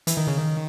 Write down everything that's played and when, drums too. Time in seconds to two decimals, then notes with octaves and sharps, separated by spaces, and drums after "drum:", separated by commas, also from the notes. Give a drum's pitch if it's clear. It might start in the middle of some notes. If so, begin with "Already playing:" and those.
0.07 E3, drum: hi-hat
0.17 D#3
0.27 C#3
0.37 D#3